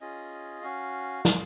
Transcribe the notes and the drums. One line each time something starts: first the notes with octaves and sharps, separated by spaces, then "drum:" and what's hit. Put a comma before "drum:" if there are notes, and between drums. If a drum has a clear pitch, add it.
C#4 F4 G#4 D#5
C#4 F#4 F5
C#4 F4 G#4, drum: snare